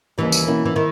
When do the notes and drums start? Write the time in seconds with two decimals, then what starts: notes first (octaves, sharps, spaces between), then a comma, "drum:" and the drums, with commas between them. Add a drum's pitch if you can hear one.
0.18 D#2 C#3 E3 G3
0.32 drum: tambourine
0.46 B2 A#3 C#4 E4
0.65 E3
0.76 D#3 E4